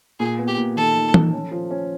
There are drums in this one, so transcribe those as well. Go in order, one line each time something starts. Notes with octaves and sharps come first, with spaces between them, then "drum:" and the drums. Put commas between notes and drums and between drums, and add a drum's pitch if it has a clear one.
A#2 G#4
B3
G4
A#2
D#3 A4
D#3
D#3, drum: tom E3
C#4
F3
C#4